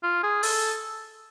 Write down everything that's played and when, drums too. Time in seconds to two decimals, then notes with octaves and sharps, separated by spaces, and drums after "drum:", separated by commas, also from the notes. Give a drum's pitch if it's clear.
0.03 F4
0.23 G#4
0.43 A4, drum: open hi-hat